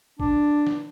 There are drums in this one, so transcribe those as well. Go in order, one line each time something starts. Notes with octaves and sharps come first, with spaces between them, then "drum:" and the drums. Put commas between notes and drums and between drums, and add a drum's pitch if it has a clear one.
D4, drum: kick
drum: snare